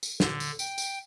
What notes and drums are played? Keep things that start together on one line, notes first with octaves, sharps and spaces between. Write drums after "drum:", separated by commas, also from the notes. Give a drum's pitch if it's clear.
drum: tambourine
D3, drum: snare
drum: tambourine
G5, drum: tambourine
drum: tambourine